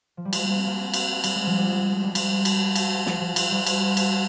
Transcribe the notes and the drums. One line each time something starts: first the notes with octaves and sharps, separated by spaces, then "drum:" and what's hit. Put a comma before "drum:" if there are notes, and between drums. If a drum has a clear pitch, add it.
F3
G3
G#3, drum: cymbal
A#3
C4
A#3
drum: cymbal
G3, drum: cymbal
G#3
F3
G3
G#3
G#3
G#3
G3
G3, drum: cymbal
drum: cymbal
drum: cymbal
F3, drum: snare
F3
F3, drum: cymbal
G3
drum: cymbal
drum: cymbal